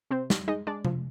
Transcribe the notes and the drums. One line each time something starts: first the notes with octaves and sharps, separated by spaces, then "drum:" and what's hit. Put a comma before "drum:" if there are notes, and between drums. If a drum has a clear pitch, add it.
C3 C4 C5
G3, drum: snare
G#3 D#4 D#5
G#3 D4 D5
F3, drum: tom C3